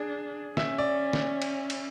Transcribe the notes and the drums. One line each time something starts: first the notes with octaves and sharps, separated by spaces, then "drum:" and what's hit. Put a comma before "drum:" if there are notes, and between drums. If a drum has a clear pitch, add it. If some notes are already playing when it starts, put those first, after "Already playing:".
Already playing: D4 G#4
C#4 E5, drum: snare
D5
drum: snare
drum: cymbal
drum: cymbal